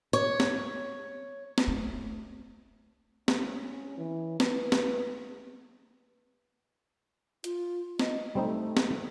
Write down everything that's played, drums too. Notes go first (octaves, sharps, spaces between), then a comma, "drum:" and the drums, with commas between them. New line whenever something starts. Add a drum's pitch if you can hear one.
C#5, drum: hi-hat
drum: snare
drum: snare
A3
C#4, drum: snare
E3
B4, drum: snare
drum: snare
F4, drum: hi-hat
D#5, drum: snare
G3 A3 C4 D#4
drum: snare